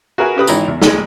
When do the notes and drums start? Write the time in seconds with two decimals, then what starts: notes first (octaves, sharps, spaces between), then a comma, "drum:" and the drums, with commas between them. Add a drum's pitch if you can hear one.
0.18 F#4 G#4 A#4 B4 E5 G#5
0.36 C#3 G4 B4 D#6
0.47 G#1 E3 D#4 A#5 B5, drum: tambourine
0.68 E2
0.82 A1 D2 G#3, drum: snare